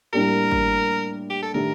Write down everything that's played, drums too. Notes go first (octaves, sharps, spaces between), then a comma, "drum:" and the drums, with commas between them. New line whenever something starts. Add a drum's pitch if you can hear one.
A2 G3 A#3 D4 G4 A#4
drum: kick
G4
A4
D#3 A3 D4 G4 A#4, drum: tom